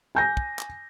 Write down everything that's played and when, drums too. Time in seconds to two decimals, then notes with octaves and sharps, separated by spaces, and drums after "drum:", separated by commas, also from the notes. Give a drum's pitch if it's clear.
0.15 G#5 G6 A#6
0.37 drum: kick
0.59 drum: clap